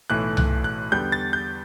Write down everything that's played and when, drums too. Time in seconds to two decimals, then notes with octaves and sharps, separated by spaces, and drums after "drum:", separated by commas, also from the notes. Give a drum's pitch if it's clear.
0.10 B1 A2 E3 A3 F#6
0.37 F#6, drum: tom C2
0.64 F#6
0.92 E2 D3 G3 B3 G6
1.12 A6
1.33 G6